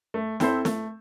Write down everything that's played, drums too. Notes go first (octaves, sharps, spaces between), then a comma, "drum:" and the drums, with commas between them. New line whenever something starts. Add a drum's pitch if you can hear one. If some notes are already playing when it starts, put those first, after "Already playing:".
A3
C4 E4 A4 C5, drum: snare
A3, drum: snare